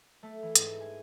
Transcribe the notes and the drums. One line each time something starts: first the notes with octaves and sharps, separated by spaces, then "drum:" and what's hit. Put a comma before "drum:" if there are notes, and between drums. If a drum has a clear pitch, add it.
A3
E3
G#2, drum: hi-hat
G#5